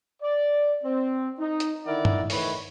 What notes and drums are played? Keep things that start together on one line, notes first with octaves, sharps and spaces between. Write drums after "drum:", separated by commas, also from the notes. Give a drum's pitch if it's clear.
D5
C4
D#4
drum: hi-hat
D3 D#3 E4 A#4 D5 F#5
drum: tom
D#3 E3 A3 B4 C#5, drum: open hi-hat